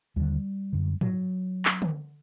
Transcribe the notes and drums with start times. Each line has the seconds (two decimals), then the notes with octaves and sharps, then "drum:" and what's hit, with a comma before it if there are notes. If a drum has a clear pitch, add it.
0.16 D#2 D3 G3
0.73 F#2 D3
1.01 F#3, drum: tom G#2
1.65 drum: clap
1.82 drum: tom D3